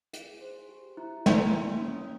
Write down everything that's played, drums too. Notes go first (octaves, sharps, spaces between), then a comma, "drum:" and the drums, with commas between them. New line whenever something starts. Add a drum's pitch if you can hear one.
G#4, drum: hi-hat
C5
G4
E4
E4, drum: snare
A#3
C#4